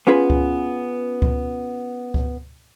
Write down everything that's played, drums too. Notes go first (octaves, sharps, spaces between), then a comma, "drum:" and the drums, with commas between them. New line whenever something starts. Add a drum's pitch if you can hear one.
B3 C#4 F4 G#4 B4
drum: kick C#2
drum: kick C#2
drum: kick C#2